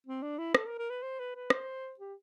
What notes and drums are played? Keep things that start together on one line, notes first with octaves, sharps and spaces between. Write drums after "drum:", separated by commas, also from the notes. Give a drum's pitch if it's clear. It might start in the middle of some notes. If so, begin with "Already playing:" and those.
C4
D4
E4
A4, drum: rim click
A#4
A#4
B4
C5
B4
B4
C5, drum: rim click
G4